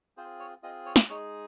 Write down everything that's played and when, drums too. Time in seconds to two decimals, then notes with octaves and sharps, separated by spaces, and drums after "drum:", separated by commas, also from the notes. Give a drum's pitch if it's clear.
0.17 C4 F4 G#4 C5
0.40 C#5
0.63 C4 F4 G#4 D#5
0.86 C#5
0.96 drum: snare
1.09 G#3 D#4 G#4 C#5